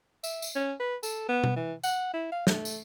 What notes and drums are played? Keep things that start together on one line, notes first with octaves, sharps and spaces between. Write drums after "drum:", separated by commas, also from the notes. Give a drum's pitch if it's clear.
E5, drum: tambourine
drum: tambourine
C#4
B4
A4, drum: tambourine
B3
drum: tom B2
E3
F#5, drum: tambourine
E4
F5
A3, drum: snare
drum: tambourine